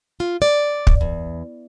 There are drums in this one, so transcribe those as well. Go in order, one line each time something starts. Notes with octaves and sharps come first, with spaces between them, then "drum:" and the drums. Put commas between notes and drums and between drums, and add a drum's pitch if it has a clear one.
F4
D5
drum: kick
E2